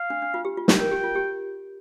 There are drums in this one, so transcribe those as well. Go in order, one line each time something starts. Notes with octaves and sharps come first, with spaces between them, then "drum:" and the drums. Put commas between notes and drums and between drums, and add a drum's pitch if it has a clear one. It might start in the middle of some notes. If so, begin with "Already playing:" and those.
Already playing: F5
D4
D4
F4
G4
F4
G4 G5, drum: snare
A#4
G4
F4
G4